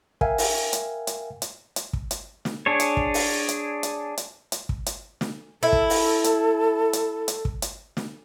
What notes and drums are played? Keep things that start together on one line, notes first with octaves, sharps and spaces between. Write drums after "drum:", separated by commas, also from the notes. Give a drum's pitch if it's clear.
A#4 E5 F5 G5 G#5, drum: kick
drum: open hi-hat
drum: hi-hat
drum: hi-hat
drum: hi-hat
drum: hi-hat
drum: kick
drum: hi-hat
drum: snare
D4 G#4 C#5
drum: hi-hat
drum: kick
drum: open hi-hat
drum: hi-hat
drum: hi-hat
drum: hi-hat
drum: hi-hat
drum: kick
drum: hi-hat
drum: snare
E4 A4
drum: kick
drum: open hi-hat
drum: hi-hat
drum: hi-hat
drum: hi-hat
drum: kick
drum: hi-hat
drum: snare